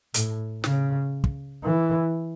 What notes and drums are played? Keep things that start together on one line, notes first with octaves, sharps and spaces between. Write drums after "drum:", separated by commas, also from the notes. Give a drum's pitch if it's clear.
A2, drum: hi-hat
C#3, drum: snare
drum: kick
E3